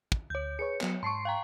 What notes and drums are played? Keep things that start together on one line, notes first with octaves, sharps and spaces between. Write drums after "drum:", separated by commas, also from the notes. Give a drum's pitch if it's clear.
drum: kick
D2 C#5 G6
G#4 B4 C#5 C#7
F#3 B3, drum: clap
G#2 A5 C6 C#6 C7
F5 G5 A#5